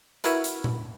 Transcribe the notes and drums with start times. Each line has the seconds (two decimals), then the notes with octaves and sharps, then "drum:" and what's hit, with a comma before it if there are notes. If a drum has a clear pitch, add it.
0.24 E4 F#4 A#4 B4, drum: hi-hat
0.44 drum: hi-hat
0.64 drum: tom A#2